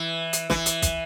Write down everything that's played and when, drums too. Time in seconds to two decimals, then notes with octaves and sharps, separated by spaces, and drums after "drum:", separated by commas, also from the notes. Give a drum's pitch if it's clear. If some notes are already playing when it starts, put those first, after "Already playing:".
Already playing: E3
0.33 drum: hi-hat
0.50 E3, drum: snare
0.66 drum: hi-hat
0.82 drum: kick, hi-hat